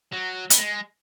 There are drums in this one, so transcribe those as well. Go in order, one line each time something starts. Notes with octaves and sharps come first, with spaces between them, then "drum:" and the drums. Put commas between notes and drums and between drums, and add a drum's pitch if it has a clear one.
F#3
B3, drum: hi-hat
G#3